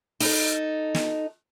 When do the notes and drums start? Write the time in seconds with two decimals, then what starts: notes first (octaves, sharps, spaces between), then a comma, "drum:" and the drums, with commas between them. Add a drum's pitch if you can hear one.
0.20 D#4 A4, drum: open hi-hat
0.95 drum: snare